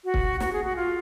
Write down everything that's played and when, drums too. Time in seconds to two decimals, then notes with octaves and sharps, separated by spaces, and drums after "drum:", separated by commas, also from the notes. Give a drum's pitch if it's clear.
0.05 F#4
0.14 drum: kick C#1
0.40 F#4, drum: snare
0.53 G#4
0.64 F#4
0.76 F4